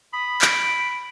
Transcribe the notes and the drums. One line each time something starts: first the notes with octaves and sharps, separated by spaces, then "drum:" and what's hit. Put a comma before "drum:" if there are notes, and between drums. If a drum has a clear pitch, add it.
B5 D#6
D7, drum: clap